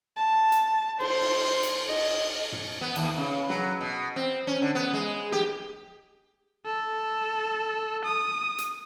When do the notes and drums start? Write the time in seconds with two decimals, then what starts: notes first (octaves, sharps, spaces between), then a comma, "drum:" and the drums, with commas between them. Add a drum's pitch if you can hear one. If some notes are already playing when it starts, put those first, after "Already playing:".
0.17 A5
0.52 drum: hi-hat
1.00 C5, drum: cymbal
1.21 drum: cymbal
1.63 drum: hi-hat
1.88 D#5, drum: cymbal
2.52 drum: tom
2.81 B3
2.96 D#2, drum: cymbal
3.17 C#3
3.49 F#3, drum: snare
3.81 B2
4.16 C4
4.47 C#4
4.62 D3
4.75 B3
4.93 G#3
5.32 G4, drum: snare
6.65 A4
8.04 D#6
8.58 drum: hi-hat